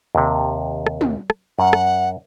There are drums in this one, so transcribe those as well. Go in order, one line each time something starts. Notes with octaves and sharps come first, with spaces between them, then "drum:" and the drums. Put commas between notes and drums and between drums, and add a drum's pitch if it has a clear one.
D#2 C3
drum: rim click
drum: tom
drum: rim click
F#2 F#5
drum: rim click